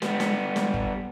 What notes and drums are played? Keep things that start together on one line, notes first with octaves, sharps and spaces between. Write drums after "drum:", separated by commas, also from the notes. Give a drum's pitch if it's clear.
G3 B3, drum: snare
drum: snare
drum: snare
drum: kick G1